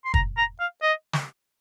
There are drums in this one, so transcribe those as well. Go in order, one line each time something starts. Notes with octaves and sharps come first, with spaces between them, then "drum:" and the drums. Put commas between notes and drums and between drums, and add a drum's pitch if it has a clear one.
C6
A#5, drum: kick
A#5
F5
D#5
drum: snare